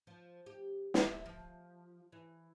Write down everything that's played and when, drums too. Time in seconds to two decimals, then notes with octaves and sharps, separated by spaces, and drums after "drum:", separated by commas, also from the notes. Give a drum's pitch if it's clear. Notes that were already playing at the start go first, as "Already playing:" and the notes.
0.07 F3
0.46 G4
0.94 drum: snare
1.06 E5
1.26 F3
2.12 E3